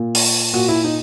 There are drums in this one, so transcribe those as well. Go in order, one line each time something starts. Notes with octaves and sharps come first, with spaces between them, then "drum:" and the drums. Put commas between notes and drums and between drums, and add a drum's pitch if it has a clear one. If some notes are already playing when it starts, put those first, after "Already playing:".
Already playing: A#2
drum: open hi-hat
A#2 F#4
E4
D#4